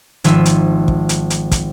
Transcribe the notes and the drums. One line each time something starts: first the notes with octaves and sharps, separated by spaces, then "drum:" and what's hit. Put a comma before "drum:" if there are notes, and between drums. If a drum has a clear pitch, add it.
G#1 F3 F4 E5 E6 D#7, drum: hi-hat
drum: hi-hat
drum: kick
drum: hi-hat
drum: hi-hat
drum: kick, hi-hat